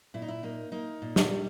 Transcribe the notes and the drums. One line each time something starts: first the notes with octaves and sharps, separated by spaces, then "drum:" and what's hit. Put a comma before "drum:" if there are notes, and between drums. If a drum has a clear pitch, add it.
A#2 E4
D#4
E4
A#3 D#4
A#3 D#4
A#2
drum: snare
G3